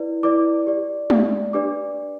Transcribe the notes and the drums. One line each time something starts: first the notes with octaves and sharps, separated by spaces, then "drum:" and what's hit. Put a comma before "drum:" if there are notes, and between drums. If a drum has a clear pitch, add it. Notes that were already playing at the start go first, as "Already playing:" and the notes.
Already playing: E4 B4 D5
E4 B4 D5 D6
G4 D5
G4 D5, drum: tom G#3
D4 G4 B4 D5 D6